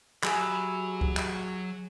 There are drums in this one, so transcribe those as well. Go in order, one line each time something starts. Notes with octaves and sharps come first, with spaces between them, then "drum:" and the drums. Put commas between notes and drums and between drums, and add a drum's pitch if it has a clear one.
F#3 G4 G#4 E5 B5, drum: clap
drum: kick
drum: clap